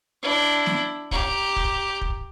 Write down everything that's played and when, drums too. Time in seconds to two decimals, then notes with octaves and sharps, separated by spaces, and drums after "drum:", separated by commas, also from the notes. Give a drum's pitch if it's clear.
0.22 D4 E4
0.66 drum: snare
1.11 G4 A#5, drum: kick
1.56 drum: kick
2.01 drum: kick